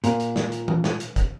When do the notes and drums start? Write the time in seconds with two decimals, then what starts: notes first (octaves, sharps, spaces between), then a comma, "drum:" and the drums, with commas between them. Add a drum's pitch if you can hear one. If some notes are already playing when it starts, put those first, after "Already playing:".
0.04 A#2, drum: hi-hat
0.20 drum: hi-hat
0.36 drum: snare
0.52 drum: hi-hat
0.68 drum: tom E3
0.84 drum: snare
1.00 drum: hi-hat
1.16 drum: kick, hi-hat